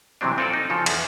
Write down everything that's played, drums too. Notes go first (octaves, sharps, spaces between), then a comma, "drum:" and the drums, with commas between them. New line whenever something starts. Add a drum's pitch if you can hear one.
C3 E3 F#3 C4 D4
C4 F4 A4 C5 D5
D#4
C#3 F3 F#4 A4 F5
E2, drum: cymbal